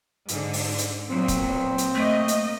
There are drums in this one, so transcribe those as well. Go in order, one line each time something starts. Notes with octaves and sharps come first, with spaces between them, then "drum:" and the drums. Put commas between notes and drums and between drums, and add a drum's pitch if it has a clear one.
G#2 D3, drum: hi-hat
drum: open hi-hat
drum: hi-hat
A#2 F#3 B3 C4
drum: kick, hi-hat
drum: hi-hat
A3 A#3 D#5
drum: hi-hat